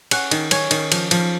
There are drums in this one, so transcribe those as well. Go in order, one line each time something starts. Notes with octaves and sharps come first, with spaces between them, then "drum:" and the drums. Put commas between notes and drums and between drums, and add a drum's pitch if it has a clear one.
C#4 F#5, drum: cymbal
D#3, drum: cymbal
C#4 C#5, drum: cymbal
D#3, drum: cymbal
F3, drum: cymbal
F3, drum: cymbal